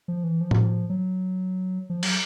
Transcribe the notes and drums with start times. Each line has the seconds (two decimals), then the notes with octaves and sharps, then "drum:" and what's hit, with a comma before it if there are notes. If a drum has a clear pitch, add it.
0.08 F3
0.24 E3
0.41 F3
0.51 drum: tom A2
0.90 F#3
1.90 F3
2.03 F#3, drum: cymbal